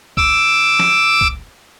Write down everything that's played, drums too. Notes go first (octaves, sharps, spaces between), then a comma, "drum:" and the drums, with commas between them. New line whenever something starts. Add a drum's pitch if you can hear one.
D6 E6, drum: kick C2
drum: snare
drum: kick C2